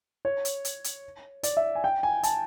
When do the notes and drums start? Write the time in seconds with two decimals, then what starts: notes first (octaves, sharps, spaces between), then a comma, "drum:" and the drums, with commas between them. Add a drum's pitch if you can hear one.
0.25 C#5
0.45 drum: hi-hat
0.65 drum: hi-hat
0.84 drum: hi-hat
1.43 D5, drum: hi-hat
1.57 E5
1.75 G#5
1.84 G5
2.03 G#5
2.23 A5, drum: hi-hat